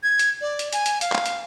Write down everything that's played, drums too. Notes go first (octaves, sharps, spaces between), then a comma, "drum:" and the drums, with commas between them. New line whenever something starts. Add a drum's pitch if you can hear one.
G#6
drum: hi-hat
D5
drum: hi-hat
G#5, drum: hi-hat
drum: hi-hat
F5, drum: hi-hat
drum: clap
drum: hi-hat